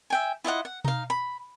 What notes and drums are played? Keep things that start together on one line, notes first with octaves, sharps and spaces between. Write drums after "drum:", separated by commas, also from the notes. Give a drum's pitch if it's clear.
E5 G5 G#5
E4 F4 D#5 F#5
F#5
D#4 F5, drum: tom B2
B5